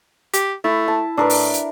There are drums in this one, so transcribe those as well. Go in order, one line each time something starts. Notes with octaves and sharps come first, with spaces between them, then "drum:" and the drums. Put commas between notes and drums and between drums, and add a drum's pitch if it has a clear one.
G4, drum: hi-hat
A3 E4
A5
A2 D4 A#4 B4
drum: open hi-hat
drum: hi-hat